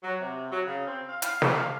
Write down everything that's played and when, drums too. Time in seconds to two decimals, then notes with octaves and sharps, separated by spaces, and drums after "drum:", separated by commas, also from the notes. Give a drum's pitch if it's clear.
0.03 F#3
0.21 C3
0.51 F#3
0.67 C#3
0.87 C4
1.09 F5
1.22 F5, drum: hi-hat
1.42 C4, drum: snare
1.55 F5